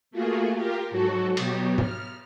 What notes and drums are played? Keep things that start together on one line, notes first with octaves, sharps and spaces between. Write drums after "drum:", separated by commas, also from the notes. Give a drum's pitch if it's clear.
A3 A#3 F4 F#4 G#4
F4 G4 A#4
G#2 F#3 F#4 A4
B2 F#3 G4, drum: cymbal
F6, drum: tom G#2